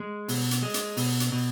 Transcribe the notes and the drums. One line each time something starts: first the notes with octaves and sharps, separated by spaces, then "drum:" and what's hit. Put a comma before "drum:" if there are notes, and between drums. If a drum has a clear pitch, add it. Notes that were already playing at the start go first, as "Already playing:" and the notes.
Already playing: G#3
B2, drum: open hi-hat
drum: hi-hat
G#3
drum: hi-hat
B2, drum: open hi-hat
drum: hi-hat
B2